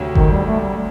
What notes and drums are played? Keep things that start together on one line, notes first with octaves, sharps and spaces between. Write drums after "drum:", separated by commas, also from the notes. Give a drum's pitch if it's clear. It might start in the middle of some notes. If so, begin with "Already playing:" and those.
Already playing: D2 C3 F#3 C4
D#3, drum: kick G1
G3
A3
G3